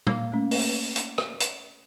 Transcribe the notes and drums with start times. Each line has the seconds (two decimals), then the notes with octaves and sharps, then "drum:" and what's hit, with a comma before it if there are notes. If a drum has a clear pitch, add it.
0.07 A#3, drum: tom
0.32 A3 C#4
0.51 drum: open hi-hat
0.96 drum: hi-hat
1.18 drum: rim click
1.40 drum: hi-hat